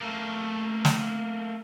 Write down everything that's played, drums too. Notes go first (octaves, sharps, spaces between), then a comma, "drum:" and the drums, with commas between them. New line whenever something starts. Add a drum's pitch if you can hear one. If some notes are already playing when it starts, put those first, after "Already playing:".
A3 A#3
drum: snare